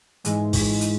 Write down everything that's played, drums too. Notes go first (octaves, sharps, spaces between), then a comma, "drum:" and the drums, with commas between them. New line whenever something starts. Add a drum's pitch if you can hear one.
G#2 E3 G#3, drum: hi-hat
drum: kick, open hi-hat
drum: hi-hat